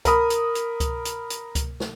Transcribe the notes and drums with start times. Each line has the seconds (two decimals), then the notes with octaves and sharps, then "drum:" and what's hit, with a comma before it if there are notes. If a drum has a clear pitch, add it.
0.05 A#4 B5 D#6, drum: kick C#2, hi-hat
0.30 drum: hi-hat
0.55 drum: hi-hat
0.80 drum: kick C#2, hi-hat
1.05 drum: hi-hat
1.30 drum: hi-hat
1.55 drum: kick C#2, hi-hat
1.80 drum: snare